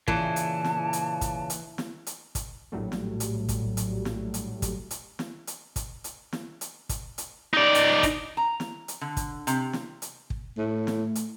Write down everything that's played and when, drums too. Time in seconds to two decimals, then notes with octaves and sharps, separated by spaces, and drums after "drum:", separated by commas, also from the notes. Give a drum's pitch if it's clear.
0.08 A#2 C#3 E3 A5, drum: kick
0.36 drum: hi-hat
0.64 drum: snare
0.93 drum: hi-hat
1.21 drum: kick, hi-hat
1.50 drum: hi-hat
1.78 drum: snare
2.07 drum: hi-hat
2.35 drum: kick, hi-hat
2.72 A#1 A2 F#3 G3 A3
2.92 drum: snare
3.20 drum: hi-hat
3.49 drum: kick, hi-hat
3.77 drum: hi-hat
4.05 drum: snare
4.34 drum: hi-hat
4.62 drum: kick, hi-hat
4.91 drum: hi-hat
5.19 drum: snare
5.47 drum: hi-hat
5.76 drum: kick, hi-hat
6.04 drum: hi-hat
6.33 drum: snare
6.61 drum: hi-hat
6.89 drum: kick, hi-hat
7.18 drum: hi-hat
7.54 D#4 D5
7.75 drum: hi-hat
8.03 drum: kick, hi-hat
8.37 A#5
8.60 drum: snare
8.88 drum: hi-hat
9.01 D3
9.17 drum: kick, hi-hat
9.47 C3, drum: hi-hat
9.73 drum: snare
10.02 drum: hi-hat
10.30 drum: kick
10.57 A2 A3
10.87 drum: snare
11.15 drum: hi-hat